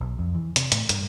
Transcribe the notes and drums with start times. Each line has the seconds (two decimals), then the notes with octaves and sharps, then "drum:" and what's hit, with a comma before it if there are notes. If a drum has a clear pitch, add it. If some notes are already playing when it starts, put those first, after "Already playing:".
0.01 B1
0.19 F2
0.35 E3
0.56 C3, drum: hi-hat
0.72 A2, drum: hi-hat
0.89 G2, drum: hi-hat